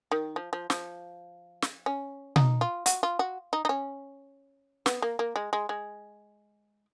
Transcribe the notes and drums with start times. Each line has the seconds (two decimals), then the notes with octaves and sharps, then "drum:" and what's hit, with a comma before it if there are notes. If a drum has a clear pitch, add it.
0.11 D#3
0.36 F3
0.53 F3
0.70 F3, drum: snare
1.62 drum: snare
1.86 C#4
2.36 D#4, drum: tom B2
2.61 F4
2.86 F#4, drum: hi-hat
3.03 F4
3.19 F#4
3.53 D#4
3.65 D#4
3.69 C#4
4.86 B3, drum: snare
5.02 A#3
5.19 A#3
5.36 G#3
5.53 G#3
5.69 G#3